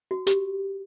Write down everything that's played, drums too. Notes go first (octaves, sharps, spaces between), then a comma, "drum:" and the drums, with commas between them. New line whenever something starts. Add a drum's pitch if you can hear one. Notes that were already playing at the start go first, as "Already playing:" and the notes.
F#4
G4, drum: hi-hat